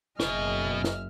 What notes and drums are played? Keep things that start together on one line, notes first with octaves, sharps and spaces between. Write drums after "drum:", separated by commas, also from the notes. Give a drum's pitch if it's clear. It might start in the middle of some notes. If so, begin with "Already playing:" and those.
F#1 F#2 B2 G#4 D#5 E5 F6, drum: snare
drum: snare